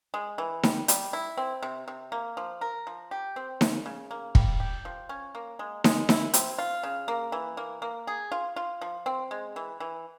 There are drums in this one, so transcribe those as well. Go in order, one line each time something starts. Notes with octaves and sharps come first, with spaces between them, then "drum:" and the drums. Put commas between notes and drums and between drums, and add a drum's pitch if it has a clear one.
G#3
E3
G3, drum: snare D#4
G3, drum: hi-hat
E4
C4
C3
C3
A#3
F3
A#4
F3
G4
C4
C#3, drum: snare D#4
C#3
A#3
G3, drum: kick
G4
F3
C#4
A#3
G#3
G#3, drum: snare D#4
E4, drum: snare D#4
C4, drum: hi-hat
F4
C#3
A#3
E3
A#3
A#3
G#4
F4
F4
F3
C4
G#3
E3
E3